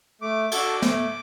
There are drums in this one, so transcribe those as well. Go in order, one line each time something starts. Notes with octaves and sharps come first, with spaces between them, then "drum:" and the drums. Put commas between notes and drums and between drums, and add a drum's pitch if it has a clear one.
A3 D6
D4 F#4 A4, drum: cymbal
A3, drum: snare